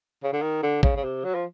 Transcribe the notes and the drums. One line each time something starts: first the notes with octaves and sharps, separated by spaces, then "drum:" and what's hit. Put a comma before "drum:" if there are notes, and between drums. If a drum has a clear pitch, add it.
C#3
D3
D#3
D3
C#3, drum: kick
C#3
C3
F#3
F3